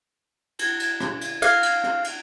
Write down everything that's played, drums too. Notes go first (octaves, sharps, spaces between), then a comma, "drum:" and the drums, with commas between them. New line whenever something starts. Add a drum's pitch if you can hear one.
drum: cymbal
drum: cymbal
drum: rim click
drum: cymbal
F5, drum: cymbal
drum: cymbal
drum: rim click
drum: cymbal